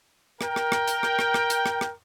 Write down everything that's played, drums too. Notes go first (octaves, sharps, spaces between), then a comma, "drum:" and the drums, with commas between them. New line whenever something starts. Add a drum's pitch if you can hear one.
A#4 G5, drum: rim click
drum: rim click
drum: rim click
drum: hi-hat
drum: rim click
drum: rim click
drum: rim click
drum: hi-hat
drum: rim click
drum: rim click